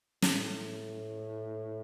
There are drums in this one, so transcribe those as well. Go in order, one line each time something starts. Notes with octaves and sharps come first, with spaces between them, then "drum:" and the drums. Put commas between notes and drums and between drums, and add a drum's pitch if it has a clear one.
A2, drum: snare